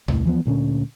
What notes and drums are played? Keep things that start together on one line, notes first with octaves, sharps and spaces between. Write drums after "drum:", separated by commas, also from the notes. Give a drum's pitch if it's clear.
C2 A2, drum: tom D#2
E3 F3 B3
D2 A#2 D3 C#4